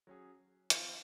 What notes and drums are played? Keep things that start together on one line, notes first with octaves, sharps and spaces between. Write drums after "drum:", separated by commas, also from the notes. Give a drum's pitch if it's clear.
F#3 C#4 G#4
F3 C4 F4, drum: hi-hat